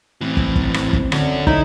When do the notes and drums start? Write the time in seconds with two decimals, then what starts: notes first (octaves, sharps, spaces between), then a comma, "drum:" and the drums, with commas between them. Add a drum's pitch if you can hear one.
0.21 A2 E3 C4
0.37 drum: kick
0.56 drum: kick
0.74 drum: rim click
0.93 drum: kick
1.12 D3 C#4 F#4, drum: rim click
1.47 D#4 E4 C#5, drum: kick